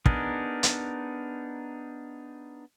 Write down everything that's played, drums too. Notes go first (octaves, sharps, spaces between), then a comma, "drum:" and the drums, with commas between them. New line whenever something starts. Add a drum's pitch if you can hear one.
B3 D4 D#4 G#4 A#4, drum: kick
drum: hi-hat